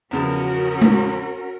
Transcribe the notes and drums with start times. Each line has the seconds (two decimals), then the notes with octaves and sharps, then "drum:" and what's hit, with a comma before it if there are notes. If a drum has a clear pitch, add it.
0.11 E2 C#3 F3 C#4 F#4 A#4
0.82 drum: tom G#3